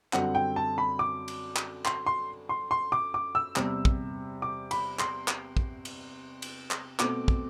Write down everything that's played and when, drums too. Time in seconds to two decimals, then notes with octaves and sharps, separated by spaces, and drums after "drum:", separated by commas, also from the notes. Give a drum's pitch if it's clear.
0.13 F#2 D3 G3 C4 F#5, drum: clap
0.35 G5
0.56 A5
0.78 B5
0.99 D6
1.28 drum: cymbal
1.56 drum: clap
1.85 C6, drum: clap
2.06 C6
2.49 C6
2.71 C6
2.92 D6
3.14 D6
3.35 E6
3.56 E2 C3 G3, drum: clap
3.85 drum: kick
4.42 D6
4.71 B5, drum: cymbal
4.99 C6, drum: clap
5.28 drum: clap
5.57 drum: kick
5.85 drum: cymbal
6.42 drum: cymbal
6.71 drum: clap
7.00 B2 A3 C4 D6, drum: clap
7.28 drum: kick